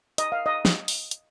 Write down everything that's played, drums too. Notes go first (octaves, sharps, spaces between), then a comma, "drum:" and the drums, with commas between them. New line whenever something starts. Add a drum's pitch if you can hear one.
D#5, drum: hi-hat
F5
D#5
drum: snare
drum: open hi-hat
drum: hi-hat